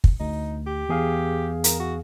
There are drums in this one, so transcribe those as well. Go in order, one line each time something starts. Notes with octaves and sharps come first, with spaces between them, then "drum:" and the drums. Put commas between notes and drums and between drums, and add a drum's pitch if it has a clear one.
drum: kick
D2 D#4
G4
E2 G#4 F5
A#4, drum: hi-hat
F#4